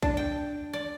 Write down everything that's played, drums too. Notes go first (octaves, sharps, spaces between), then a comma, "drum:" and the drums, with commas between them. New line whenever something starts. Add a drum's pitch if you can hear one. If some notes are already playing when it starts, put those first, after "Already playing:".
D4, drum: kick
G5
D5